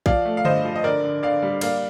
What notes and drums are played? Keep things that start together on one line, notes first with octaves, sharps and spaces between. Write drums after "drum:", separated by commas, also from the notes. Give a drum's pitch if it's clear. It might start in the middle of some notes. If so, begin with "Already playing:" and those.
F3 D5 F5, drum: kick A#1
A3
F5
G2 C5 D#5, drum: tom D3
F3
D#5
D3 A#4 D5
D3
D3 D5 F5
G3
A#3 D5 F5, drum: cymbal